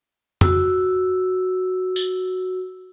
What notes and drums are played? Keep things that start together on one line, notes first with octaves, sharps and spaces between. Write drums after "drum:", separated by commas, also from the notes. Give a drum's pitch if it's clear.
F#4 E6, drum: tom F2
drum: tambourine